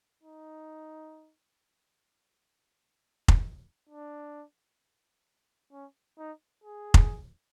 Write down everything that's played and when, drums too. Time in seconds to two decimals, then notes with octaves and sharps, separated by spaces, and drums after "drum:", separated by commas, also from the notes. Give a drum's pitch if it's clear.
0.23 D#4
3.28 drum: kick F1
3.89 D4
5.72 C#4
6.18 D#4
6.64 G#4
6.94 drum: kick F1